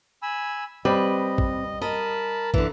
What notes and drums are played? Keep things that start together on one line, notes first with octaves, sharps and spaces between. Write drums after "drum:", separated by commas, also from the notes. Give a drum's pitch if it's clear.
G#5 B5 E6
G3 C4 B4 D#5
drum: kick
A#4 D#5 A5 B5
D3 E3, drum: kick